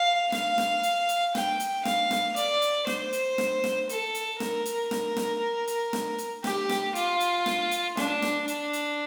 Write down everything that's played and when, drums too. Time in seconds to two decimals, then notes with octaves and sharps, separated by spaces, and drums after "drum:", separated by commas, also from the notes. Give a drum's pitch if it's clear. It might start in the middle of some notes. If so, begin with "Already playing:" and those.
Already playing: F5
0.32 F5, drum: snare
0.58 drum: snare
0.83 drum: hi-hat
1.09 drum: hi-hat
1.35 G5, drum: snare
1.60 drum: hi-hat
1.85 F5, drum: snare
2.11 drum: snare
2.36 D5, drum: hi-hat
2.62 drum: hi-hat
2.87 C5, drum: snare
3.13 drum: hi-hat
3.38 drum: snare
3.64 drum: snare
3.89 A4, drum: hi-hat
4.15 drum: hi-hat
4.40 A#4, drum: snare
4.66 drum: hi-hat
4.91 drum: snare
5.17 drum: snare
5.67 drum: hi-hat
5.93 drum: snare
6.18 drum: hi-hat
6.44 G4, drum: snare
6.69 drum: snare
6.95 F4, drum: hi-hat
7.20 drum: hi-hat
7.46 drum: snare
7.71 drum: hi-hat
7.97 D4, drum: snare
8.22 drum: snare
8.48 D4, drum: hi-hat
8.73 drum: hi-hat